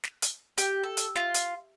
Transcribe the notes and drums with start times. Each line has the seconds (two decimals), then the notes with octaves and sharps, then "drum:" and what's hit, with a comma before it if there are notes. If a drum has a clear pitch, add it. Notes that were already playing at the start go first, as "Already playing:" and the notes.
0.03 drum: snare
0.22 drum: hi-hat
0.58 G4, drum: hi-hat
0.83 A4
0.97 drum: hi-hat
1.16 F4, drum: snare
1.34 drum: hi-hat